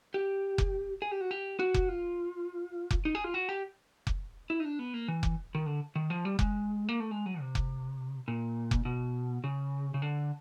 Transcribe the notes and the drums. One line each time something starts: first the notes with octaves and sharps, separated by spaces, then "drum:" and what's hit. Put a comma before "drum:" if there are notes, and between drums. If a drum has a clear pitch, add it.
G4
drum: kick F1
G#4
G4
F#4
G4
F#4
drum: kick F1
F4
drum: kick F1
D#4
G#4
F4
F#4
G4
drum: kick F1
E4
D#4
D4
B3
A#3
E3
drum: kick F1
D#3
D3
D#3
F3
G3
G#3, drum: kick F1
A#3
A3
G#3
F#3
C3
drum: kick F1
A#2
drum: kick F1
B2
C#3
C#3
D3